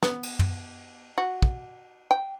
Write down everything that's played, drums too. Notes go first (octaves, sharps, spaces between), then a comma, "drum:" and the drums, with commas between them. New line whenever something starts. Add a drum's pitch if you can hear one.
B3, drum: snare
drum: cymbal
drum: tom
F#4
drum: kick
G5